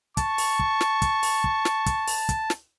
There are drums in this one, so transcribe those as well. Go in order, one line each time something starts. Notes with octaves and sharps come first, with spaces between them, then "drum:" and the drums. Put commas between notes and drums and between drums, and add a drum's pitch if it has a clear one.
A5 C#6, drum: kick, hi-hat
drum: open hi-hat
drum: kick
drum: snare
drum: kick, hi-hat
drum: open hi-hat
drum: kick
drum: snare
drum: kick, hi-hat
drum: open hi-hat
drum: kick, hi-hat
drum: snare